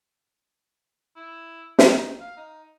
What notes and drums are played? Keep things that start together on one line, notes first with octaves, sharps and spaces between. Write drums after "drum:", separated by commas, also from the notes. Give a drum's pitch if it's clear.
E4
D#4, drum: snare
F5
D#4